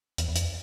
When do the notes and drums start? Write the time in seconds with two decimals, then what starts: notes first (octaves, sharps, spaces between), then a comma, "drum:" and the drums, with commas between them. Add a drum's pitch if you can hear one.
0.18 E2, drum: hi-hat
0.29 E2
0.36 F2, drum: hi-hat